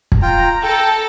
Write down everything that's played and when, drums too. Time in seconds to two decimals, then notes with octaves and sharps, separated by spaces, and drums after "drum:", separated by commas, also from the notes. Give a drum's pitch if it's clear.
0.12 drum: kick
0.22 F4 G5 A#5
0.63 A4 G5